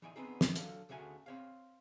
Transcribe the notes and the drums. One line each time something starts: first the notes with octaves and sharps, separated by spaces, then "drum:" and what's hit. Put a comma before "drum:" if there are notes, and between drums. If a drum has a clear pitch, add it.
E3 D#4 D5 G#5
B3 C4 D4 D#4 G#4
drum: snare
D3 F#3 A4 F5, drum: hi-hat
D2 C#3 A3 F#4 G#5
C4 C#5 F5